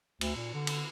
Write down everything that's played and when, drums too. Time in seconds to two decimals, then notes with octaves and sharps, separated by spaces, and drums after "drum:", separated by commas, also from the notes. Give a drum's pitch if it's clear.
0.21 D2, drum: cymbal
0.36 A#2
0.54 D3
0.67 drum: cymbal